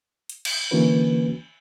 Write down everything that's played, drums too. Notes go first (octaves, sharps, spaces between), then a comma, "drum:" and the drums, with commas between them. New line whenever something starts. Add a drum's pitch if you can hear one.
drum: hi-hat
drum: cymbal
D3 E3 A#3 C#4 F#4 B4